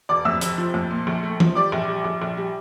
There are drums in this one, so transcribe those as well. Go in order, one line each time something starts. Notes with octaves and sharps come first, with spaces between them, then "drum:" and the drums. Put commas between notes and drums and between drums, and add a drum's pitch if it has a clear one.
E1 D5 D6
F2 E5 E6
F1, drum: hi-hat
F3
F2
A#2
A#1
A3
F3, drum: tom E3
G3 D5 D6
A#1
G3
A#1
A#1
G3